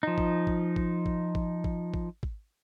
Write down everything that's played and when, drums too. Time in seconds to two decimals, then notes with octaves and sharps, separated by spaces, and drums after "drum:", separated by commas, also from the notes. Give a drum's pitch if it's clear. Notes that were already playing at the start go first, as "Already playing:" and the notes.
0.03 F3 D#4
0.18 drum: kick G#1
0.47 drum: kick G#1
0.76 drum: kick G#1
1.06 drum: kick G#1
1.35 drum: kick G#1
1.64 drum: kick G#1
1.94 drum: kick G#1
2.23 drum: kick G#1